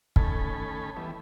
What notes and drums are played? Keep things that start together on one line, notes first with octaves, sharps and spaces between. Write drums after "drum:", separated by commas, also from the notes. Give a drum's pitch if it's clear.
D#3 A3 C#4 A4 G#5 B5, drum: kick
E3 G3 B3